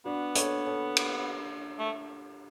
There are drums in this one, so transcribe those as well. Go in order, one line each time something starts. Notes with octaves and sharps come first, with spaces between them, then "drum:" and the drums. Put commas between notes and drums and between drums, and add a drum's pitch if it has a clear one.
B3 D4 F#4
A4 C#5, drum: hi-hat
A4 C#5
drum: cymbal
A3